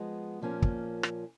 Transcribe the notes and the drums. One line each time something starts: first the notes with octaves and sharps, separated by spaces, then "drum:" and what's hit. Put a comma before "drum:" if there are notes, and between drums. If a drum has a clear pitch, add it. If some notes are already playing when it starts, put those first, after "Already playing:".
Already playing: F3 G#3 B3
A#2 F3 A#3 C#4
drum: kick
drum: rim click